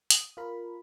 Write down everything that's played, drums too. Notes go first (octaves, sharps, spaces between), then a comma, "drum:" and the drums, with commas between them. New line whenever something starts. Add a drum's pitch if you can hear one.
D#6, drum: hi-hat
F4 A#4 B5